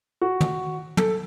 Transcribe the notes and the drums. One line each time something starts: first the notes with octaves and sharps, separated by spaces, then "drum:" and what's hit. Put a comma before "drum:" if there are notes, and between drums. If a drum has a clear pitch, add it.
F#4
drum: tom
A4, drum: tom